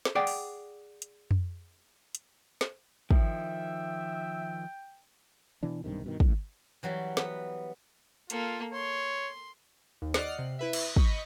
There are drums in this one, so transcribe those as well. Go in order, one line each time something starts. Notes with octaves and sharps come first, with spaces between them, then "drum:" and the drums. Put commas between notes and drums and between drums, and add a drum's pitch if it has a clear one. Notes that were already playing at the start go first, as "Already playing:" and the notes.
drum: snare
G#4 D5 F#5 G5
drum: open hi-hat
drum: hi-hat
drum: tom F2
drum: hi-hat
drum: snare
D#3 F3 E5 G5, drum: kick
B2 E3 D4
B1 G2 C3 D#3
G2 B2 D#3
C#2 A2, drum: kick
E3 F#3 G3
B3, drum: snare
A#3 F4 A4, drum: hi-hat
C#5 C6
D#2
D5 D#5 F#5 F6 F#6 C7, drum: snare
C3
E4 B4 E5
drum: cymbal
D#5 B5 C#6 G6 B6, drum: kick